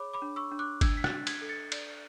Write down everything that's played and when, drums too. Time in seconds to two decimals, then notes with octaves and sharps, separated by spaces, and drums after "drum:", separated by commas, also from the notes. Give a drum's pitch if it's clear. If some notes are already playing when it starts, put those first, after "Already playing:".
Already playing: G#4 C#5 B5 D6
0.14 B5 D6
0.22 D4
0.36 C#6 E6
0.52 D4
0.59 D6 F#6
0.81 D4 E6 G#6, drum: kick G1, cymbal
0.97 B6
1.04 F#6 A6, drum: rim click
1.12 D4
1.27 G#6 B6, drum: cymbal
1.42 A4
1.49 A6 C#7
1.72 D5, drum: cymbal